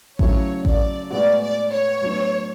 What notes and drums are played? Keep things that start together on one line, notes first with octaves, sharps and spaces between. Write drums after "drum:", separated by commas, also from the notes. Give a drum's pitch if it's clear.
C#3 F#3 A3 E4 C#5, drum: kick A1
D5, drum: kick A1
A2 G#3 B3 F#4 D5
D5
C#5
A2 F#3 B3 D4